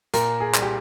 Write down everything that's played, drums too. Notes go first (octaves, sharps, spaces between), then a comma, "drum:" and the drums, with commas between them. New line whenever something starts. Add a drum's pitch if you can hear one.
A#2 A#4, drum: hi-hat
G#4
C2, drum: clap
G4